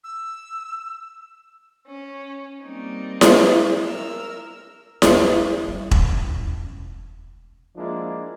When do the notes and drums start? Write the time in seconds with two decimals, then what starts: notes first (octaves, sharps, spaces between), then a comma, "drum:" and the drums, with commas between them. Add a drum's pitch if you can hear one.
0.04 E6
1.86 C#4
2.62 G3 A#3 C4 D#4
3.21 drum: snare E4
3.83 A#4 E6 F6
5.02 E2 E3, drum: snare E4
5.28 E4
5.68 C#2 G3
5.91 D3 G3, drum: kick E1
6.08 F2 E4
6.26 E1 C#2
7.75 F3 G#3 A#3 D4 E4